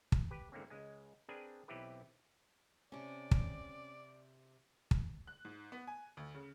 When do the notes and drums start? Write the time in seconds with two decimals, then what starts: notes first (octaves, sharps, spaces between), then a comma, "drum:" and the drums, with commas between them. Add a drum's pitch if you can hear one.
0.12 drum: kick
0.31 G4 B4
0.52 G#2 D3 E3 A#3 C4 C#4
0.70 C#2 G#3 G#5
1.29 C4 D4 G#4 A#4 B4 G#5
1.68 B1 E3 C4 E4 G4 B4
2.92 C3 C#4 D5 A5
3.31 drum: kick
4.91 drum: kick
5.27 F#6
5.45 G#2
5.72 B3
5.87 G#5
6.17 D2
6.34 C#3